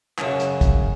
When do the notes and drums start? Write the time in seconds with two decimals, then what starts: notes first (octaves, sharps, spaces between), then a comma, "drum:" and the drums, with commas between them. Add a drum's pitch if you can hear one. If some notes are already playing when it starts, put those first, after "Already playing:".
0.18 F#2 C#3, drum: clap
0.40 drum: hi-hat
0.61 drum: kick, hi-hat